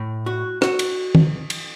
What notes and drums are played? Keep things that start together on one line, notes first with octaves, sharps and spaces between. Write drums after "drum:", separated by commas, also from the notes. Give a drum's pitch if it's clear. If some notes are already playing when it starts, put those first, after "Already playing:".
Already playing: A2
F#4
F#4, drum: rim click
drum: cymbal
drum: tom
drum: cymbal